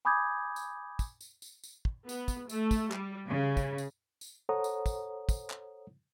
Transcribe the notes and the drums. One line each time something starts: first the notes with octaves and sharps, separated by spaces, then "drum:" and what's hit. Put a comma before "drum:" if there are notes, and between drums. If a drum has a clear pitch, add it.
G#5 B5 D6 D#6 G6 G#6
drum: tambourine
drum: kick, tambourine
drum: tambourine
drum: tambourine
drum: tambourine
drum: kick
B3, drum: tambourine
drum: kick, tambourine
A3, drum: tambourine
drum: kick, tambourine
G3, drum: clap
C#3
drum: kick, tambourine
drum: tambourine
drum: tambourine
A4 C5 C#5 F#5 A#5 D#6
drum: tambourine
drum: kick, tambourine
drum: kick, tambourine
drum: clap